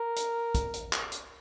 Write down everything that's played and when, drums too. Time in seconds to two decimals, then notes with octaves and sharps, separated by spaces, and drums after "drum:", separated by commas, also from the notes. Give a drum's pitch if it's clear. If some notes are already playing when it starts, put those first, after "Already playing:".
Already playing: A#4
0.16 drum: hi-hat
0.55 drum: kick, hi-hat
0.74 drum: hi-hat
0.93 drum: clap
1.12 drum: hi-hat